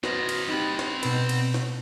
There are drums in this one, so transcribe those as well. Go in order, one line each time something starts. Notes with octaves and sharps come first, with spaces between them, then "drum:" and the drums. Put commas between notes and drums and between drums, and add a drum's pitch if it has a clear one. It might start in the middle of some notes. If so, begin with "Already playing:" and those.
C4 F#4 B4 C5 D#5, drum: snare
drum: cymbal
C4 D#4 G4 B5
drum: snare
B2 B4, drum: cymbal
drum: cymbal
drum: snare